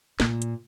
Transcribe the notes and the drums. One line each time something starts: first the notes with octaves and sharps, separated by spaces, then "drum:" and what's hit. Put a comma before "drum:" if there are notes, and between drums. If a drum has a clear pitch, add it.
A#2, drum: snare
drum: hi-hat